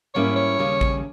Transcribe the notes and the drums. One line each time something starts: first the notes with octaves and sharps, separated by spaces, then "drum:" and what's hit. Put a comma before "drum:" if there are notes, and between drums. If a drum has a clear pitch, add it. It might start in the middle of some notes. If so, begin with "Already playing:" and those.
G#2 G3 A#3 C#4 E4 C#5
C#5
D#2 C#3 G3 C#4
drum: kick